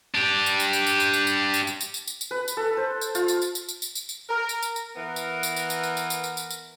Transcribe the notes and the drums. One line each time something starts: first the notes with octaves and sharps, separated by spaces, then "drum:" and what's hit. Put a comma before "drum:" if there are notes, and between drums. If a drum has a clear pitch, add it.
D4 G4
drum: tambourine
drum: tambourine
drum: tambourine
drum: tambourine
drum: tambourine
drum: tambourine
drum: tambourine
drum: tambourine
drum: tambourine
drum: tambourine
drum: tambourine
drum: tambourine
drum: tambourine
B4
drum: tambourine
A4
C5
drum: tambourine
F4, drum: tambourine
drum: tambourine
drum: tambourine
drum: tambourine
drum: tambourine
drum: tambourine
drum: tambourine
drum: tambourine
A#4
drum: tambourine
drum: tambourine
drum: tambourine
E3 B3 A#4
drum: tambourine
drum: tambourine
drum: tambourine
drum: tambourine
drum: tambourine
drum: tambourine
drum: tambourine
drum: tambourine
drum: tambourine
drum: tambourine